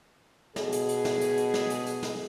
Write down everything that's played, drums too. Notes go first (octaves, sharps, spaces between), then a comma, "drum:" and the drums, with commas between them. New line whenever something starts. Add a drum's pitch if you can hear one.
B2 G#4, drum: snare
drum: hi-hat
drum: hi-hat
drum: snare
drum: hi-hat
drum: hi-hat
drum: snare
drum: hi-hat
drum: hi-hat
drum: snare